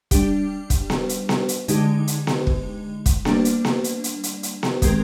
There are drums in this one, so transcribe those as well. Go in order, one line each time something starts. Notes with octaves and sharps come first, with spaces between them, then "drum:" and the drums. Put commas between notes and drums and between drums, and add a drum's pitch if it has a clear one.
G3 D4 G4, drum: kick, hi-hat
drum: kick, hi-hat
drum: snare B3
drum: hi-hat
drum: snare B3
drum: hi-hat
D3 G#3 D#4 G4, drum: hi-hat
drum: hi-hat
drum: snare B3
drum: kick
drum: kick, hi-hat
G3 A#3 D4, drum: snare B3
drum: hi-hat
drum: snare B3
drum: hi-hat
drum: hi-hat
drum: hi-hat
drum: hi-hat
drum: snare B3
D#3 G#3 C4 G4 A#4, drum: kick, hi-hat